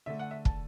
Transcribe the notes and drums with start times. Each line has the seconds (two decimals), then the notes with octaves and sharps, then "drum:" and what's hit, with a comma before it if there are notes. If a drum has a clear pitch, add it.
0.06 D3 A3 E5
0.19 F#5
0.31 E5
0.45 A5, drum: kick